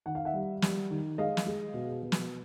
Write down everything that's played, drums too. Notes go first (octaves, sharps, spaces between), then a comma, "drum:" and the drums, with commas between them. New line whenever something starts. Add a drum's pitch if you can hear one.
D#3 F#5
F5
E5 F#5
G3
G3, drum: snare
D#3
G#3 D#5 F5
drum: snare
G#3
B2
B2
drum: snare